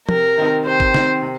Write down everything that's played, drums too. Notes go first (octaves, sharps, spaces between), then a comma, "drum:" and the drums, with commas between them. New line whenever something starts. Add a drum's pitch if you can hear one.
C3 A#4, drum: tom
D#3 C4 D#4
C3 C5
drum: kick G#1
D#3 C4 D#4, drum: snare
C3